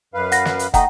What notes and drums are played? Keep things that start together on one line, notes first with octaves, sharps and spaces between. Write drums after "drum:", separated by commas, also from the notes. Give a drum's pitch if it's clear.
F#2 B4 F5
F#5 A#6, drum: hi-hat
drum: snare
drum: hi-hat
A3 D#4 D#5 F#5 G5 A#5, drum: kick, hi-hat